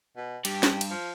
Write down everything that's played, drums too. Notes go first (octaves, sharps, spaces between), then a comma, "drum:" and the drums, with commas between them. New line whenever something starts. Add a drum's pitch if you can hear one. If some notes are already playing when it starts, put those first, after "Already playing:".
B2
G2 G4, drum: cymbal
drum: snare
drum: cymbal
F3